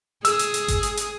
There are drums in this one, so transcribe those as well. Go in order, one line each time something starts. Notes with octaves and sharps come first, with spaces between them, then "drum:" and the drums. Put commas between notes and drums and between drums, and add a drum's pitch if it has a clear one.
G#4 E6, drum: hi-hat
drum: hi-hat
drum: hi-hat
drum: kick G#1, hi-hat
drum: hi-hat
drum: hi-hat